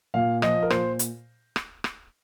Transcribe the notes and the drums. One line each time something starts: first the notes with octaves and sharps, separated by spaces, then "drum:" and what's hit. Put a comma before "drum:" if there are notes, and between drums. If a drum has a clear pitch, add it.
A#2 F5
F3 D#5, drum: rim click
A#4
A#2 C5, drum: rim click
drum: hi-hat
drum: rim click
drum: rim click